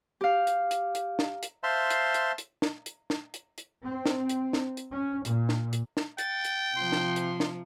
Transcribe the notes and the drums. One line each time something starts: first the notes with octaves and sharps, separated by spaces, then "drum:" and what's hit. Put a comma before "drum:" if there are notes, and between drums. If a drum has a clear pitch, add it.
G4 F5
drum: hi-hat
drum: hi-hat
drum: hi-hat
drum: snare
drum: hi-hat
C5 E5 F5 A5 C6
drum: hi-hat
drum: hi-hat
drum: hi-hat
drum: snare
drum: hi-hat
drum: snare
drum: hi-hat
drum: hi-hat
C4
drum: snare
drum: hi-hat
drum: snare
drum: hi-hat
C#4
A#2, drum: hi-hat
drum: snare
drum: hi-hat
drum: snare
G5 A6, drum: hi-hat
drum: hi-hat
C3 F3 C6
drum: snare
drum: hi-hat
drum: snare